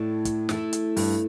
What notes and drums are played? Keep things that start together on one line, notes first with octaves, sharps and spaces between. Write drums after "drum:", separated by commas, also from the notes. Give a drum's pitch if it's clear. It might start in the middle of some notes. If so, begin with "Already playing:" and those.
Already playing: A2 A3 E4 A4 D5
drum: kick, hi-hat
A3 E4 A4, drum: snare
drum: hi-hat
G2, drum: open hi-hat